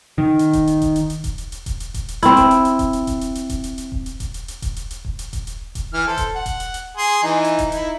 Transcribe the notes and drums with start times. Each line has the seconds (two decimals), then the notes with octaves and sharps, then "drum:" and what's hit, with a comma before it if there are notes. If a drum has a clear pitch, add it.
0.18 D#3
0.39 drum: hi-hat
0.53 drum: kick D#1, hi-hat
0.67 drum: hi-hat
0.81 drum: kick D#1, hi-hat
0.96 drum: hi-hat
1.10 drum: hi-hat
1.24 drum: kick D#1, hi-hat
1.38 drum: hi-hat
1.52 drum: hi-hat
1.66 drum: kick D#1, hi-hat
1.80 drum: hi-hat
1.94 drum: kick D#1, hi-hat
2.08 drum: hi-hat
2.23 C4 E4, drum: hi-hat
2.37 drum: kick D#1, hi-hat
2.51 drum: hi-hat
2.65 drum: hi-hat
2.79 drum: kick D#1, hi-hat
2.93 drum: hi-hat
3.07 drum: kick D#1, hi-hat
3.21 drum: hi-hat
3.35 drum: hi-hat
3.49 drum: kick D#1, hi-hat
3.64 drum: hi-hat
3.78 drum: hi-hat
3.92 drum: kick D#1
4.06 drum: hi-hat
4.20 drum: kick D#1, hi-hat
4.34 drum: hi-hat
4.48 drum: hi-hat
4.62 drum: kick D#1, hi-hat
4.76 drum: hi-hat
4.91 drum: hi-hat
5.05 drum: kick D#1
5.19 drum: hi-hat
5.33 drum: kick D#1, hi-hat
5.47 drum: hi-hat
5.75 drum: kick D#1, hi-hat
5.93 E3 F6
6.07 A4 C5
6.17 drum: kick D#1, hi-hat
6.35 F#5
6.46 drum: kick D#1, hi-hat
6.60 drum: hi-hat
6.74 drum: hi-hat
6.97 G#4 C6
7.23 E3 D#4
7.44 drum: hi-hat
7.59 drum: kick D#1, hi-hat
7.72 D#4 E4, drum: hi-hat